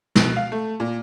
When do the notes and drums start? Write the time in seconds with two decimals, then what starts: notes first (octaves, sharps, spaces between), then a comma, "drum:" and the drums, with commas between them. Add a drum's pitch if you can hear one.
0.16 B2, drum: snare
0.37 F5
0.52 A3
0.80 A#2